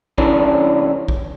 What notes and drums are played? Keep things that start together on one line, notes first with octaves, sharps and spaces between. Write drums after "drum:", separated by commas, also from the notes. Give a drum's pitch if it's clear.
C2 E3 C#4 D4, drum: kick A#1
drum: kick A#1